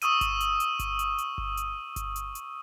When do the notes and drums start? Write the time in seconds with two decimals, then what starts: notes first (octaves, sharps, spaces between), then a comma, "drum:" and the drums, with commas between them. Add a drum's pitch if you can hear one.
0.02 C#6 D#6 E6 D#7, drum: hi-hat
0.21 drum: kick G1, hi-hat
0.41 drum: hi-hat
0.60 drum: hi-hat
0.79 drum: kick G1, hi-hat
0.99 drum: hi-hat
1.18 drum: hi-hat
1.38 drum: kick G1
1.57 drum: hi-hat
1.96 drum: kick G1, hi-hat
2.16 drum: hi-hat
2.35 drum: hi-hat